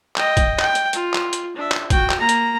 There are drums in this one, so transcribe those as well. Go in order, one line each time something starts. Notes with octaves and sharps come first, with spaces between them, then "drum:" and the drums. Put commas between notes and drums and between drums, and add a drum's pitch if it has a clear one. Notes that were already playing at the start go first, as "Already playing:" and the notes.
D#5 G5, drum: clap
drum: kick, hi-hat
G5, drum: clap
drum: hi-hat
F4, drum: hi-hat
drum: clap
drum: hi-hat
D4 E5
drum: clap
F#4 G5, drum: kick, hi-hat
drum: clap
A#3 A#5
drum: hi-hat